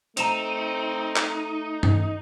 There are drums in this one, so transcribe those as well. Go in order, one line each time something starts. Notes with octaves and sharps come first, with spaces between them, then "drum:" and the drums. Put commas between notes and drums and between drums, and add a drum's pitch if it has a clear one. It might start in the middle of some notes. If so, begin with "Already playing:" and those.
A3 C4 D#4 A#5 E7 F7, drum: hi-hat
drum: clap
drum: tom G2